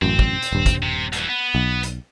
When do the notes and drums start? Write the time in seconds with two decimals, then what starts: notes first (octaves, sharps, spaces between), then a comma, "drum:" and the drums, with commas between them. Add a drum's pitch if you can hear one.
0.02 A1 F#2 C4
0.19 drum: kick
0.42 drum: hi-hat
0.52 D#1 G2
0.66 drum: kick, hi-hat
0.83 C3
1.13 D2 E3, drum: hi-hat
1.29 B3
1.55 B1
1.83 drum: hi-hat